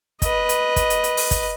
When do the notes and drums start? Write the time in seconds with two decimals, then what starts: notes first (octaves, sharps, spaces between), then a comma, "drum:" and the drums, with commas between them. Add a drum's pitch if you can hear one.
0.22 B4 D#5, drum: kick, hi-hat
0.49 drum: hi-hat
0.76 drum: kick, hi-hat
0.90 drum: hi-hat
1.04 drum: hi-hat
1.17 drum: open hi-hat
1.31 drum: kick, hi-hat